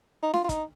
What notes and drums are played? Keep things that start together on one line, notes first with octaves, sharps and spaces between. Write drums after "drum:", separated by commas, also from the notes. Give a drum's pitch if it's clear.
D#4
F4, drum: snare D4
F4
D#4, drum: kick, hi-hat